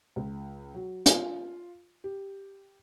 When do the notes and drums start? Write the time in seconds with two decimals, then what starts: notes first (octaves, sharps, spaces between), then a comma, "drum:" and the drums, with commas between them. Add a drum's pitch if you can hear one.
0.16 C#2
0.74 F#3
1.06 F4, drum: hi-hat
2.04 G4